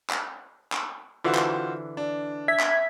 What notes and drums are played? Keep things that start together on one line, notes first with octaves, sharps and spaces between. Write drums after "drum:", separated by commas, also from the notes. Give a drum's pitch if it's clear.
drum: clap
drum: clap
D3 E3 F4 F#4 C5
drum: clap
D4
E5 G#6 B6
drum: clap